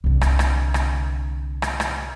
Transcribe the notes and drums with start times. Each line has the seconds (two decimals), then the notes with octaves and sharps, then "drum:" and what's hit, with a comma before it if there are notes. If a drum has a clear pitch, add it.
0.04 C2 D3
0.21 drum: rim click
0.39 drum: rim click
0.74 drum: rim click
1.62 drum: rim click
1.80 drum: rim click